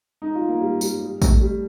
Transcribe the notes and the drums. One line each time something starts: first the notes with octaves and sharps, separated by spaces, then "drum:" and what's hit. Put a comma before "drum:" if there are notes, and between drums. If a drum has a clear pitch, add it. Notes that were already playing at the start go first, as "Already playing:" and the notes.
D#4
F4
A#3
G3
G3, drum: tambourine
G3
A3, drum: kick, tambourine
G3